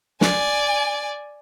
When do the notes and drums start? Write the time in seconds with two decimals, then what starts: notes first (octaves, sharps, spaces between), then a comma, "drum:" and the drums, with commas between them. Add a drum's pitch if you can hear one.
0.21 D5 G#5, drum: snare